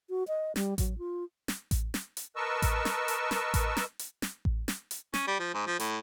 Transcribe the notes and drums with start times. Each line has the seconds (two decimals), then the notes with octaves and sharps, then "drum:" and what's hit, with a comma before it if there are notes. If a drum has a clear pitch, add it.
0.09 F#4
0.28 D#5
0.56 G3, drum: snare
0.78 F#3, drum: kick A1, hi-hat
0.98 F4
1.48 drum: snare
1.71 drum: kick A1, hi-hat
1.94 drum: snare
2.17 drum: hi-hat
2.36 A#4 B4 D#5 A5 C#6 E6
2.62 drum: kick A1, hi-hat
2.85 drum: snare
3.08 drum: hi-hat
3.31 drum: snare
3.54 drum: kick A1, hi-hat
3.77 drum: snare
3.99 drum: hi-hat
4.22 drum: snare
4.45 drum: kick A1
4.68 drum: snare
4.91 drum: hi-hat
5.14 C#4, drum: snare
5.27 G3
5.40 F3
5.54 G#2
5.67 F3
5.80 A2, drum: hi-hat